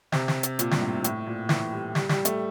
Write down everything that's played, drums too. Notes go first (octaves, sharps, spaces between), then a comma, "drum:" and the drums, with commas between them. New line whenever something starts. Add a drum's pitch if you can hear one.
C3, drum: snare
drum: snare
drum: hi-hat
A#2, drum: hi-hat
G2, drum: snare
A2
A#2
A2, drum: hi-hat
A#2
E3, drum: snare
G3
G3, drum: snare
G3, drum: snare
A3, drum: hi-hat